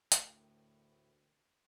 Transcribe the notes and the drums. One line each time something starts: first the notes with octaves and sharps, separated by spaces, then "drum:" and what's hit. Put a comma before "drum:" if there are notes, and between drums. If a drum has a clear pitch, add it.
D2 A2 A#4 G5 F#6, drum: hi-hat